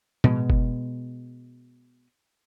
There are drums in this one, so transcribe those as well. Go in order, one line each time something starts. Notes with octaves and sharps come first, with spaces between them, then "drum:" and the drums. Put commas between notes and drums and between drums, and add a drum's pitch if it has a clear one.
B2 G#3, drum: tom A2
drum: kick F#1